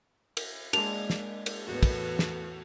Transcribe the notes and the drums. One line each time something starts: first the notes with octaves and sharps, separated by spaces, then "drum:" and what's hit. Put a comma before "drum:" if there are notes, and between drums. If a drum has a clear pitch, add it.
drum: cymbal
G#3 A#3 D4 F7, drum: cymbal
drum: snare
drum: cymbal
E2 A2 B3 F#4 A4
drum: kick, cymbal
drum: snare